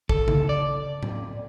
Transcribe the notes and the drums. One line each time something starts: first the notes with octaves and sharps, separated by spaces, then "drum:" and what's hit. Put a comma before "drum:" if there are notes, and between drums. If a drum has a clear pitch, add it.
A4, drum: kick
drum: tom C#3
D5
drum: tom A2